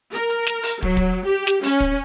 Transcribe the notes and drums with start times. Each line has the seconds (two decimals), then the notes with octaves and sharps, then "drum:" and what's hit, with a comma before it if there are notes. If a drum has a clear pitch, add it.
0.13 A#4
0.30 drum: hi-hat
0.47 drum: snare
0.63 drum: open hi-hat
0.83 F#3, drum: kick
0.97 drum: kick, hi-hat
1.25 G4
1.47 drum: snare
1.63 C#4, drum: open hi-hat
1.80 drum: kick